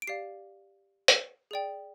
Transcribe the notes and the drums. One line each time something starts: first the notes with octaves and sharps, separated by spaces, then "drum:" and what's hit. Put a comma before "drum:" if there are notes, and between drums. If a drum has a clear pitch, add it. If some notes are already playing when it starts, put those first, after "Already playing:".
D7
G4 D5 F5 C7
drum: hi-hat
G#4 D5 G5